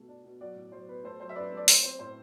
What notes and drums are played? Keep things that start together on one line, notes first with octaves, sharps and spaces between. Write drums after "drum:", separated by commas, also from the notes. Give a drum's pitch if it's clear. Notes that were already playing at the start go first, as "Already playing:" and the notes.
Already playing: B2 A3
D4
B2
F#3 D5 F#5
A2
F#3 C5
B3 B4
A3 C5
F#3 C5
E5
F#2 B4 D5
A3 D5
C4 C5, drum: open hi-hat
C4 C5
A2 C5